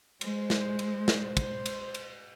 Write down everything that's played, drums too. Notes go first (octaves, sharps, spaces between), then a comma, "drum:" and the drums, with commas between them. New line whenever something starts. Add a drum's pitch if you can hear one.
G#3 C5, drum: cymbal
drum: snare
drum: cymbal
drum: snare
drum: kick, cymbal
drum: cymbal
drum: cymbal